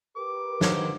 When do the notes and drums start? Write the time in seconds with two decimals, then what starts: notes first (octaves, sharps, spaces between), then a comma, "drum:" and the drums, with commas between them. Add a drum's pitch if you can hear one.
0.17 G4 A#4 B4 D6
0.61 A#2 D#3 F#3 C5, drum: snare